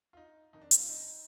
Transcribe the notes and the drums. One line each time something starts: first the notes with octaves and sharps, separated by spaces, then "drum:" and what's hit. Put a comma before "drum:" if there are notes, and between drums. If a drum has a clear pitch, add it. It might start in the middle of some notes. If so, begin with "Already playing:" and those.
F4
D#4
F2 D#3 D#4
D4
D#4, drum: hi-hat
F4
D#4